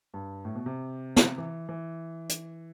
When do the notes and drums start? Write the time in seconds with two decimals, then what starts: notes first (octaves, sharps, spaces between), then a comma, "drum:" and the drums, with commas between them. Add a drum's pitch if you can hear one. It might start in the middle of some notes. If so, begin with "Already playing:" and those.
0.14 G2
0.45 A2
0.55 B2
0.66 C3
1.16 drum: snare
1.38 E3
1.69 E3
2.29 drum: hi-hat